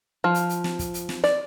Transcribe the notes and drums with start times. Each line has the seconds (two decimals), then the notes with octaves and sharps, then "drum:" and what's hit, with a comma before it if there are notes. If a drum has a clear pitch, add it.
0.24 F3
0.34 drum: hi-hat
0.49 drum: hi-hat
0.64 drum: snare
0.79 drum: kick, hi-hat
0.94 drum: hi-hat
1.09 drum: snare
1.24 D5, drum: snare